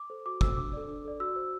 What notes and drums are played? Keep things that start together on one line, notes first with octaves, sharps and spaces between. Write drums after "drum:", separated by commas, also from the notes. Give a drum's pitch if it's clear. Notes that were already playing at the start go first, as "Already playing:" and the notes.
Already playing: D6
A4 C5
F#4 D6
A4 C5 E6, drum: kick
D4 D6
A4 D5
D4
A4 D5
F#4 E6
C5